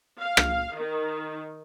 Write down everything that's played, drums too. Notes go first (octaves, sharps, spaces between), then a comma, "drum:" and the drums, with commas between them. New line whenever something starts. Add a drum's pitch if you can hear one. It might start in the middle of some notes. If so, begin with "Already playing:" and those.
F5
drum: rim click
D#3